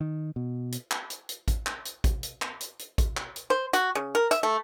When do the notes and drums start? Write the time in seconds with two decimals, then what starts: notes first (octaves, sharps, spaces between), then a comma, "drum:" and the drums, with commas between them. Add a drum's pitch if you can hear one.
0.01 D#3
0.36 B2
0.72 drum: hi-hat
0.91 drum: clap
1.10 drum: hi-hat
1.29 drum: hi-hat
1.48 drum: kick, hi-hat
1.66 drum: clap
1.85 drum: hi-hat
2.04 drum: kick, hi-hat
2.23 drum: hi-hat
2.42 drum: clap
2.61 drum: hi-hat
2.79 drum: hi-hat
2.98 drum: kick, hi-hat
3.17 drum: clap
3.36 drum: hi-hat
3.50 C5
3.73 F#4, drum: hi-hat
3.95 C#3
4.15 A#4
4.31 E5, drum: hi-hat
4.43 A3